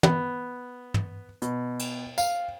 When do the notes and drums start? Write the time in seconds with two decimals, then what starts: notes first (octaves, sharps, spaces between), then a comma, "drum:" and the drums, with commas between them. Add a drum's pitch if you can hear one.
0.03 B3, drum: tom
0.94 drum: tom
1.42 B2, drum: hi-hat
1.79 drum: cymbal
2.18 F5, drum: tambourine